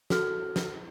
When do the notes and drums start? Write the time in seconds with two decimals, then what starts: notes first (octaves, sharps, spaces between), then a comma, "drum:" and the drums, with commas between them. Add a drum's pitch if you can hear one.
0.10 F#4 A4 F6, drum: snare
0.56 drum: snare